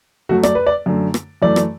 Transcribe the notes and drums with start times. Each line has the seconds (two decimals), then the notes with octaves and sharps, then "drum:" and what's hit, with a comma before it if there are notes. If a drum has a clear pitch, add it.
0.29 F#2 F#3 A3 F#4
0.43 D5, drum: rim click
0.55 B4
0.67 D5
0.86 F#2 D3 A3
1.14 drum: rim click
1.42 F#2 E3 A3 D5
1.56 drum: rim click